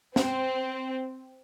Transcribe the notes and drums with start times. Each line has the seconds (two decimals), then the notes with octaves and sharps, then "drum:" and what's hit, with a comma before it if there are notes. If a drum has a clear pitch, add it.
0.16 C4, drum: snare